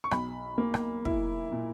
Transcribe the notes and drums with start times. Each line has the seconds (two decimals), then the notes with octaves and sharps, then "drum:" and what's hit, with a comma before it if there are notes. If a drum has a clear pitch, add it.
0.04 C#6
0.11 B1 B5, drum: rim click
0.58 A#3
0.74 drum: rim click
1.05 E4, drum: kick
1.52 A#2